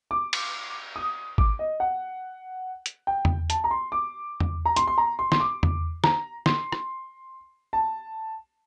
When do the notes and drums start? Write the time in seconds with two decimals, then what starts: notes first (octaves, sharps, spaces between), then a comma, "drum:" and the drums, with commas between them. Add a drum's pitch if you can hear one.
0.11 D6
0.33 drum: cymbal
0.96 D#6
1.38 D6, drum: kick G#1
1.59 D#5
1.80 F#5
2.86 drum: hi-hat
3.07 G5
3.25 drum: tom E2
3.50 A5, drum: hi-hat
3.64 A#5
3.71 C6
3.92 D6
4.40 drum: tom E2
4.65 A#5
4.76 C6, drum: hi-hat
4.87 C6
4.98 A#5
5.19 C6
5.32 C6, drum: snare
5.40 D6
5.63 drum: tom E2
6.04 A#5, drum: snare
6.46 C6, drum: snare
6.72 drum: rim click
7.73 A5